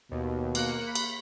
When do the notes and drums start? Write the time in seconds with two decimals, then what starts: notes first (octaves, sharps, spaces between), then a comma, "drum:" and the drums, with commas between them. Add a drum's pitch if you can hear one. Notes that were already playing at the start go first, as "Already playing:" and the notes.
0.11 D#2 B2
0.55 A#3 F#6 C#7, drum: cymbal
0.86 B5
0.95 drum: cymbal